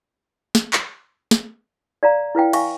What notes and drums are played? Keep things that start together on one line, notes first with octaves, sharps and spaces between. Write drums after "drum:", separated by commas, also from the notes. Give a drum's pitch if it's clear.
drum: snare
drum: clap
drum: snare
D5 F5 A#5
E4 B4 F5 G5
E5 F5 G#5 C#6, drum: cymbal